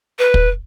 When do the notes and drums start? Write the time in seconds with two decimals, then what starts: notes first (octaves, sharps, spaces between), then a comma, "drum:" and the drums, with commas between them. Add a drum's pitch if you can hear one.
0.19 B4
0.34 drum: kick